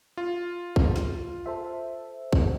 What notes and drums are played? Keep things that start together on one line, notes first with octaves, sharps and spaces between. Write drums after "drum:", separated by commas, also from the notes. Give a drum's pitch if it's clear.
F4
drum: kick
drum: snare
A4 C5 E5
drum: kick